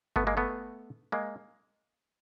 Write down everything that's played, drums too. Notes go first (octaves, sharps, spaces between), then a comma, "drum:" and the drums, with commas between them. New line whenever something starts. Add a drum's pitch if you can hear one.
A3 B3, drum: kick G1
G#3 A#3
A3 B3
G#3 A#3